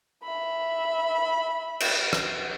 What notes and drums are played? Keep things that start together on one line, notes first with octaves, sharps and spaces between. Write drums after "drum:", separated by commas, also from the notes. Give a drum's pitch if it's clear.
E5 B5
drum: cymbal
drum: rim click